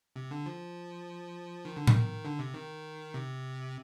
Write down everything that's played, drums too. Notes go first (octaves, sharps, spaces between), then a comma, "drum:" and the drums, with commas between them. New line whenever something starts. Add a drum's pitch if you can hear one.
C3
D3
F3
D#3
D3
D#3, drum: tom A2
D3
C3
D#3
C3